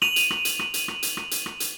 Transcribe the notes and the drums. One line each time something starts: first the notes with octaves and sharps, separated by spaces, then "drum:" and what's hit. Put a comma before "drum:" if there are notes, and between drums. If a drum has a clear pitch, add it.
D#7 F7 F#7, drum: rim click
drum: hi-hat
drum: rim click
drum: hi-hat
drum: rim click
drum: hi-hat
drum: rim click
drum: hi-hat
drum: rim click
drum: hi-hat
drum: rim click
drum: hi-hat